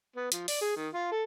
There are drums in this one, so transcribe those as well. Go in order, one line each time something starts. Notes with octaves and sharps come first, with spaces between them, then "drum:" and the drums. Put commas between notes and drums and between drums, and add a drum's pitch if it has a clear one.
B3
F3, drum: hi-hat
D5, drum: open hi-hat
G#4
D#3
F4
A4